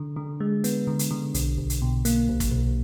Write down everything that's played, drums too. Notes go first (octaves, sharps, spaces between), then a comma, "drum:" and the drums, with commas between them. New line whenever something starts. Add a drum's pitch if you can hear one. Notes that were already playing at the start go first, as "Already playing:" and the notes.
Already playing: D3
D3
G#3
B3, drum: hi-hat
D3
drum: hi-hat
D3
B1, drum: hi-hat
B1
drum: hi-hat
B2
A#3, drum: hi-hat
B1
drum: kick, hi-hat
B1